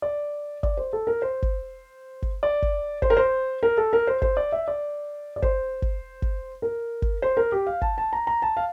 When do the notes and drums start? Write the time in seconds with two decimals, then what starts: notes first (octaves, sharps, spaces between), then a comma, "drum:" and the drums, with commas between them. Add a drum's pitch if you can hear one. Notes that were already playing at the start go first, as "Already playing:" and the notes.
0.02 D5
0.63 D5, drum: kick
0.77 C5
0.93 A4
1.07 A#4
1.22 C5
1.42 drum: kick
2.22 drum: kick
2.43 D5
2.62 drum: kick
3.02 C5, drum: kick
3.10 A#4
3.17 C5
3.63 A#4
3.77 A4
3.93 A#4
4.07 C5
4.22 C5, drum: kick
4.37 D5
4.52 E5
4.68 D5
5.36 D5
5.42 C5, drum: kick
5.82 drum: kick
6.22 drum: kick
6.62 A#4
7.02 drum: kick
7.22 C5
7.37 A#4
7.52 G4
7.67 F5
7.82 A5, drum: kick
7.98 A5
8.13 A#5
8.27 A#5
8.42 A5
8.57 F5